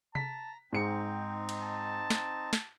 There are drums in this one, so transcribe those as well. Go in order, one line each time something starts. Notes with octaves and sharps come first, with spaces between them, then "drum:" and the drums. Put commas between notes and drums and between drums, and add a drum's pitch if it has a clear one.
A5 A#5 B6, drum: tom C3
G#2 C4 D#4 G5 C#7
drum: cymbal
A5
drum: snare
drum: snare